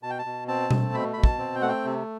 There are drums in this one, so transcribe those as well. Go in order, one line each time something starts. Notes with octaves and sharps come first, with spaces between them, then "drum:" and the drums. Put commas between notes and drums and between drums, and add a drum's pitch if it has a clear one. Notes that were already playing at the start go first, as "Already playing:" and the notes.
B2 A5
G5
A5
B2
C4 A5
A3, drum: tom B2
B2 B5
B2 B5
A5, drum: kick
C4
G5
A3 F#5
G5
C3